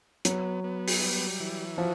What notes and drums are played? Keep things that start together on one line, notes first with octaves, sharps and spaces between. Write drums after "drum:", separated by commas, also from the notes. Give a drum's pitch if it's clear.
F#3 B3, drum: hi-hat
B3
drum: open hi-hat
G3
E3
F3 F#3